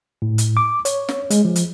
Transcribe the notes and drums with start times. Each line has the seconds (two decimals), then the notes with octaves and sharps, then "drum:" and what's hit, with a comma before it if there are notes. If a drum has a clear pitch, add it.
0.22 A2
0.38 drum: hi-hat
0.57 D6
0.85 C#5, drum: hi-hat
1.09 drum: snare
1.30 G#3, drum: hi-hat
1.45 F3
1.56 drum: hi-hat